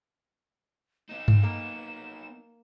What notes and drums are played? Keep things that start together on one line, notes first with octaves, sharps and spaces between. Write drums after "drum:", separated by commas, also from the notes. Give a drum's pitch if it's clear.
B3 D#4 E7
drum: tom G2
A#3 A#4